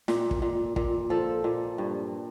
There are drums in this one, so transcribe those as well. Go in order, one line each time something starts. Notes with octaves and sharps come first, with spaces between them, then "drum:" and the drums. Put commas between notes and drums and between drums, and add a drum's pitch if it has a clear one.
A#2, drum: snare
drum: kick
A#2
A#2, drum: kick
F3 A4
A#2
G2